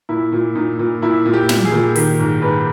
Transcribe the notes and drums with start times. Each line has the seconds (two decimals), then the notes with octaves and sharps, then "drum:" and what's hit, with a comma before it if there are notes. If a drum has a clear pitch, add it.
0.09 A#2 E4
0.32 A#2
0.55 A#2 D#4
0.79 A#2
1.02 A#2 E4
1.26 A#2
1.33 G4
1.49 A#2, drum: snare
1.65 G#4
1.72 A#2
1.96 D#3 G4, drum: open hi-hat
2.19 G#2
2.42 G#2 B4